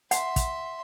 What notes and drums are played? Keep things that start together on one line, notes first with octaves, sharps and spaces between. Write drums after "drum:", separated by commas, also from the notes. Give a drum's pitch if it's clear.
E5 F#5 C6, drum: hi-hat
drum: kick, hi-hat